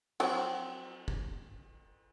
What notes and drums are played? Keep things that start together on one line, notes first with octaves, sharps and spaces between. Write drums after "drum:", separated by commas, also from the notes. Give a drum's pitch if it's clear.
F3 F#3 C4, drum: cymbal
drum: kick